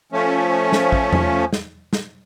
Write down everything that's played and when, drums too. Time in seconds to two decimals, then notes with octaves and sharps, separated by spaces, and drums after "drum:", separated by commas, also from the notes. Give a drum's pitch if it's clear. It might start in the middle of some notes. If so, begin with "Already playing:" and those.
0.12 F3 A3 C#4
0.72 drum: snare
0.92 drum: kick
1.12 drum: tom E2
1.53 drum: snare
1.93 drum: snare